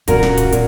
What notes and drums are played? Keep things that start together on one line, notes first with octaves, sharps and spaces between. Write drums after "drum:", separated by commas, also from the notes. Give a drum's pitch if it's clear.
A#2 F#3 C#4 F#4 A#4, drum: kick D1, hi-hat
drum: snare
drum: kick D1, hi-hat
A#2, drum: hi-hat